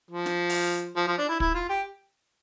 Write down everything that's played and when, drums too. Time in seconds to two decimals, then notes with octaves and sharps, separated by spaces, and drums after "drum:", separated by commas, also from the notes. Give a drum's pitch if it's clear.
0.11 F3
0.26 drum: snare
0.50 drum: open hi-hat
0.96 F3
1.08 F3
1.18 D4
1.29 E4
1.40 E4, drum: kick
1.54 F4
1.69 G4